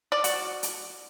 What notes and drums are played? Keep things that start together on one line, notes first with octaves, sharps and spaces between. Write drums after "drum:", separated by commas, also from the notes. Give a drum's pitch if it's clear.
D5
F#4, drum: hi-hat
drum: hi-hat